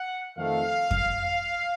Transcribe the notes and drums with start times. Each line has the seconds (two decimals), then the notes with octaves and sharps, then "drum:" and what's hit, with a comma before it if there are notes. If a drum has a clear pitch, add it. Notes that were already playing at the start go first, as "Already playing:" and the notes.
Already playing: F#5
0.36 F2 D#3 A3 F5
0.91 drum: kick F2